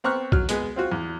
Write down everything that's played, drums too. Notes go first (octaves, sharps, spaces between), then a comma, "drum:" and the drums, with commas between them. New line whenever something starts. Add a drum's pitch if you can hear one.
B3 C4 A#5 C#6 F6 F#6
F#3 F6, drum: kick
G#3 B3 G#4, drum: hi-hat
C4 F4 F#4
E2